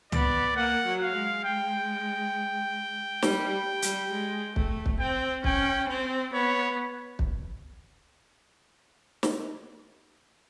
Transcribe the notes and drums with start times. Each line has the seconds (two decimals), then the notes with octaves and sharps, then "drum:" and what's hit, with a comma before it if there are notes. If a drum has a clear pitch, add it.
0.12 B3 D5, drum: tom
0.56 A#3 F#5
0.86 F#3
1.01 F5
1.16 G#3
1.45 G5
3.22 G3, drum: snare
3.82 G3, drum: hi-hat
4.12 G#3
4.56 A3, drum: kick
4.86 drum: kick
5.00 C4 G5
5.44 C#4 G5, drum: kick
5.89 C4
6.33 B3 C#5
7.19 drum: kick
9.23 drum: snare